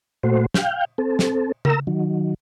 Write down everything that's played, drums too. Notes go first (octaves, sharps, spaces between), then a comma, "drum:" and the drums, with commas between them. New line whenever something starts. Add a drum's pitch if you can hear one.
A#2 A3 F#4 C5
F5 G5, drum: snare
C4 A4
drum: snare
A#4 A#5 E6, drum: tom C#3
D#3 F#3